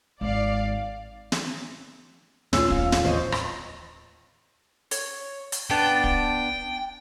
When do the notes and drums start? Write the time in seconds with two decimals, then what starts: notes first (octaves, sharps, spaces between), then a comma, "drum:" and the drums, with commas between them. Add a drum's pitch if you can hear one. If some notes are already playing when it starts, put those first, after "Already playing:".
0.21 G#1 D5 F5
1.32 drum: snare
2.53 D#2 A#2 A3 C#4 F4 E6, drum: snare
2.70 F5, drum: kick
2.92 drum: snare
3.05 A1 D#2 E3 C5 C#5 D#5
3.32 drum: rim click
4.91 C#5, drum: hi-hat
5.52 drum: hi-hat
5.70 B3 D4 G5 A5
6.04 drum: kick